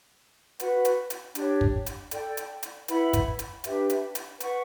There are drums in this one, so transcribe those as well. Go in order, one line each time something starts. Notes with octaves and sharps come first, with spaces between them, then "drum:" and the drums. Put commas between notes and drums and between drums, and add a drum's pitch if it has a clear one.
F#4 B4 F#5, drum: hi-hat
drum: hi-hat
drum: hi-hat
D4 G4 C#5, drum: hi-hat
drum: kick
drum: hi-hat
A4 D5 G5, drum: hi-hat
drum: hi-hat
drum: hi-hat
E4 B4 F#5 B5, drum: hi-hat
drum: kick, hi-hat
drum: hi-hat
D4 G4 B4 E5, drum: hi-hat
drum: hi-hat
drum: hi-hat
B4 F#5 C#6, drum: hi-hat